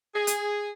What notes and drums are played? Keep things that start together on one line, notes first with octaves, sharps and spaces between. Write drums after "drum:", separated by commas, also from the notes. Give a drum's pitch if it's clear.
G#4
drum: hi-hat